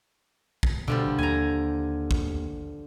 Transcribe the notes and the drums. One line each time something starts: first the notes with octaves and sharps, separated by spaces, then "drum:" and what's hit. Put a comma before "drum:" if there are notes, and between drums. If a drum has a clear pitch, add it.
drum: kick
B2 D3 F3 G3
D#2 G#5 A#5
drum: kick